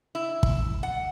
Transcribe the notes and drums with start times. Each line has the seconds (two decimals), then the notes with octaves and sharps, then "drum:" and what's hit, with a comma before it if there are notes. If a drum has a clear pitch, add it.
0.15 E4
0.43 drum: kick
0.83 F#5